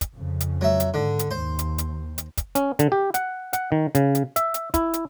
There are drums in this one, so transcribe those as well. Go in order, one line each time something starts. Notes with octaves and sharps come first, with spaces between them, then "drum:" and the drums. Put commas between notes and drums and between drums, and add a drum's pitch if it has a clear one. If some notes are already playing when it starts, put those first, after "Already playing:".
drum: kick, hi-hat
F2 C#3
drum: hi-hat
F#3 E5
drum: hi-hat
G#2 D3
drum: hi-hat
D#2 C5
drum: hi-hat
drum: hi-hat
drum: hi-hat
drum: kick, hi-hat
C#4, drum: hi-hat
D3, drum: hi-hat
G4
F#5, drum: hi-hat
F#5, drum: hi-hat
D#3
C#3, drum: hi-hat
drum: hi-hat
E5, drum: hi-hat
drum: hi-hat
E4, drum: kick, hi-hat
drum: hi-hat